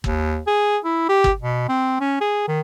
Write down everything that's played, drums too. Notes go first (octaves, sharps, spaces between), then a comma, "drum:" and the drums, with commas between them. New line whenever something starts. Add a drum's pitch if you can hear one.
D#2, drum: kick G1
G#4
E4
G4
drum: kick G1
B2
C4
C#4
G#4
D#3